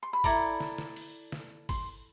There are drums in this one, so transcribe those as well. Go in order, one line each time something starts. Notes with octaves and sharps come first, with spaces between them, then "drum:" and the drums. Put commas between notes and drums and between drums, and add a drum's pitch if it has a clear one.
C6
B5
E4 A4 D5 A#5, drum: kick, open hi-hat
drum: snare
drum: snare
drum: open hi-hat
drum: snare
C6, drum: kick, open hi-hat